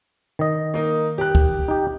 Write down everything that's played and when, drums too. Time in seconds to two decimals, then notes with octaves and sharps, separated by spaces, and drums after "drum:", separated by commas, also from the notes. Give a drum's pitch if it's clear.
0.39 D#3 D#5
0.74 A#3 D#4
1.18 G4 F#6
1.35 drum: kick D2
1.68 D#4 G4